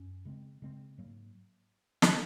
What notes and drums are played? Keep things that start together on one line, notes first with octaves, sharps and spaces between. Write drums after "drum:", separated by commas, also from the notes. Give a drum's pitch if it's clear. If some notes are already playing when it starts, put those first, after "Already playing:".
Already playing: F#2 C#4
C#3 G#3 C4
C#3 G#3 C4
G#2 F#3 A#3
drum: snare